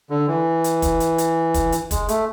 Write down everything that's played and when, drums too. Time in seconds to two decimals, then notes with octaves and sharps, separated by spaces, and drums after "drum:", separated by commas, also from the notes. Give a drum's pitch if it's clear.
0.10 D3
0.28 E3
0.64 drum: hi-hat
0.82 drum: kick, hi-hat
1.00 drum: hi-hat
1.18 drum: hi-hat
1.54 drum: kick, hi-hat
1.72 drum: hi-hat
1.91 G#3, drum: kick, hi-hat
2.09 A3, drum: hi-hat